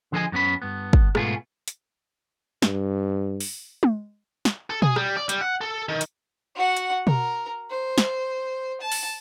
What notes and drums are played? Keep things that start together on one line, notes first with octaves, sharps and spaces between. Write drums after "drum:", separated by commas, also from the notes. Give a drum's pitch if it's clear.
D3 F3 G#4 A4 D#5 G#5
F#2 B3 C#4 B5
G2 B3
drum: kick
G#2 B2 A3 B3 F4 G#4, drum: rim click
drum: hi-hat
G2, drum: snare
drum: open hi-hat
drum: tom G#3
drum: snare
A4
G#4, drum: tom B2
G3, drum: rim click
D5
G3, drum: hi-hat
F#5
A4
D#3
drum: hi-hat
F#4 F#5
drum: hi-hat
A#4, drum: tom B2
C5
drum: snare
A5
drum: open hi-hat